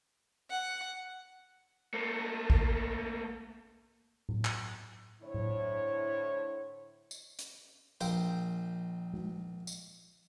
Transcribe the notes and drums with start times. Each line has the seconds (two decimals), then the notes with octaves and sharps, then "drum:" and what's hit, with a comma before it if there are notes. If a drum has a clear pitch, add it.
0.50 F#5
1.94 A3 A#3
2.50 drum: kick
4.29 drum: tom A2
4.45 drum: clap
5.23 A2 D3 E4 C5 C#5
5.34 drum: tom A2
7.11 drum: tambourine
7.39 drum: hi-hat
8.01 A#1 G5 C6, drum: tambourine
9.14 drum: tom G#3
9.67 drum: tambourine